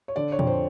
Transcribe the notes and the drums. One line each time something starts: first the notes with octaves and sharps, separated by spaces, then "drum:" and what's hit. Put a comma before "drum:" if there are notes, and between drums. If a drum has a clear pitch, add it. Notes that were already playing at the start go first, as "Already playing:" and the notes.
C#5
D3 D5
C#5
F2, drum: tom
C5